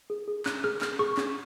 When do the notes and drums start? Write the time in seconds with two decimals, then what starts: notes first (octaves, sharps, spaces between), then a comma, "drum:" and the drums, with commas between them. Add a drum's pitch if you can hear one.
0.10 G#4
0.28 G#4
0.46 C#4 F#6, drum: clap
0.64 G#4 F6
0.81 C#4 F6, drum: clap
0.99 G#4 C#6
1.17 C#4, drum: clap